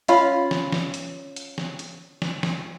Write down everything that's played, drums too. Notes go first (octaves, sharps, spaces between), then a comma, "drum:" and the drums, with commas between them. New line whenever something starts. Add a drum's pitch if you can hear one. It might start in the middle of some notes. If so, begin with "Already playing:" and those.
C#4 F4 F5 B5, drum: hi-hat
drum: snare
drum: snare
drum: hi-hat
drum: hi-hat
drum: snare
drum: hi-hat
drum: snare
drum: snare